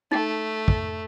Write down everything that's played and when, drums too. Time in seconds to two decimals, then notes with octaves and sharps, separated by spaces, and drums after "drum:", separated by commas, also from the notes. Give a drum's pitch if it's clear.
0.12 A3 D#4
0.68 drum: kick